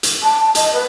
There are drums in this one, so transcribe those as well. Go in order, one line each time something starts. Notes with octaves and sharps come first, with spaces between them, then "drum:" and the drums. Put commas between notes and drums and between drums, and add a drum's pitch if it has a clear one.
drum: hi-hat
A5
D#5, drum: hi-hat
B4